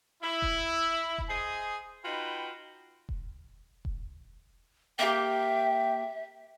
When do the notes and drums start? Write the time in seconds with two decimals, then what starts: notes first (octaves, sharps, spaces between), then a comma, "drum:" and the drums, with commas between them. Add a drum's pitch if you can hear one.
0.23 E4
0.42 drum: kick E1
1.18 drum: kick E1
1.29 G#4 C5 D#5 G#5
2.05 D#4 F4 F#4 B4 G5 B5
3.09 drum: kick E1
3.85 drum: kick E1
4.99 A#3 E4 G4 E5 G5